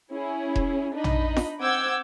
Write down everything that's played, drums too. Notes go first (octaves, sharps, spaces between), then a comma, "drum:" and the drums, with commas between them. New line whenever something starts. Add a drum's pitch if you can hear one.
C#4 E4 G#4
drum: kick E1
D4 D#4 D#5 B5
drum: tom
drum: snare
C4 F#5 D6 E6 G6 G#6